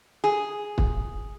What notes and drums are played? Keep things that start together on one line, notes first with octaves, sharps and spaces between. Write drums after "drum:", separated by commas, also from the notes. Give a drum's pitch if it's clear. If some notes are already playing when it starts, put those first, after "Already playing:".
G#4
drum: kick